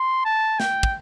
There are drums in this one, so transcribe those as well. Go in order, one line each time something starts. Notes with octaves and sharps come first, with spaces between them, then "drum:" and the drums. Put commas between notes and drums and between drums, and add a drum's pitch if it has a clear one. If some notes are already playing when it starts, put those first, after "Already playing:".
Already playing: C6
A5
G5, drum: snare
drum: kick